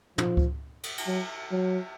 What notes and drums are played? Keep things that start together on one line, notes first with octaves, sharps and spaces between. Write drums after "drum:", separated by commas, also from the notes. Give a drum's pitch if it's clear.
F3, drum: tom
drum: kick C#2
drum: cymbal
drum: cymbal
F#3
F#3